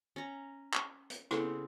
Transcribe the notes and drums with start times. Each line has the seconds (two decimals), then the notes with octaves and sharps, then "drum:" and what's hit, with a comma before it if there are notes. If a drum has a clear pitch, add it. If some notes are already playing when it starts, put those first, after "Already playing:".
0.16 C#4 A#5
0.74 drum: clap
1.10 drum: hi-hat
1.31 C#3 B3 C4 E4 A4, drum: rim click